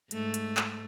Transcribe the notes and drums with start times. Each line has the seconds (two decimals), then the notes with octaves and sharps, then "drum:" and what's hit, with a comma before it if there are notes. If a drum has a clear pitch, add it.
0.11 G#2 A3, drum: hi-hat
0.34 drum: hi-hat
0.57 drum: clap